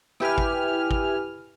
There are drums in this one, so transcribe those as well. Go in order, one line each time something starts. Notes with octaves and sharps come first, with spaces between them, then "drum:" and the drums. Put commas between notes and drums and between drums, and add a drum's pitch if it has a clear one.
E4 G4 B4 G#5 F6, drum: rim click
drum: kick
drum: kick